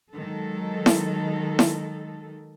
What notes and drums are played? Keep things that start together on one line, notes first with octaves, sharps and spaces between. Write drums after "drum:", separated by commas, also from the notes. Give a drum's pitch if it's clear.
D#3 F#3 G#3 A4
drum: snare E4
drum: snare E4